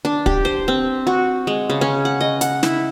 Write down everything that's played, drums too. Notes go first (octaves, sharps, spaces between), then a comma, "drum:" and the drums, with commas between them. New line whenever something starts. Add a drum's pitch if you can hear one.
D4
G4, drum: kick
C5
C4
F#4
G#3
C#3
C#4
F#5
D#5
F#5, drum: hi-hat
E4, drum: snare